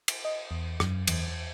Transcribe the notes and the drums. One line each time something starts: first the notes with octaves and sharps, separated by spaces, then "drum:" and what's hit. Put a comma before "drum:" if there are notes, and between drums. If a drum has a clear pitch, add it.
drum: cymbal
D#5
E2
F#2, drum: rim click
E2, drum: cymbal
E2